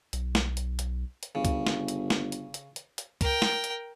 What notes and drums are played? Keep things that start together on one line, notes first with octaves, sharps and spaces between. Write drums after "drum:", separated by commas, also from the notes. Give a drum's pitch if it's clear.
B1, drum: hi-hat
drum: snare
drum: hi-hat
drum: hi-hat
drum: hi-hat
G1 C#3
drum: kick C#2, hi-hat
drum: snare
drum: hi-hat
drum: snare
drum: hi-hat
drum: hi-hat
drum: hi-hat
drum: hi-hat
A#4 G5, drum: kick C#2, hi-hat
drum: snare
drum: hi-hat